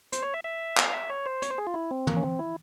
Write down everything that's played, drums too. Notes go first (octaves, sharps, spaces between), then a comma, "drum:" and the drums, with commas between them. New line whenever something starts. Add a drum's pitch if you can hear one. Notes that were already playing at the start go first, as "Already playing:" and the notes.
C5, drum: hi-hat
C#5
E5
E5
F5, drum: clap
E5
C#5
C5
C#5, drum: hi-hat
C5
G#4
F4
E4
C4
A#3, drum: tom
C#4
C4
E4